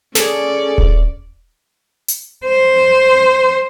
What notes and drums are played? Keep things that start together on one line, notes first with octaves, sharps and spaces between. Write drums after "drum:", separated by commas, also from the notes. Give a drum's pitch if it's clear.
C#4 G#4 A4 D5, drum: snare
drum: kick D#1
drum: hi-hat
C5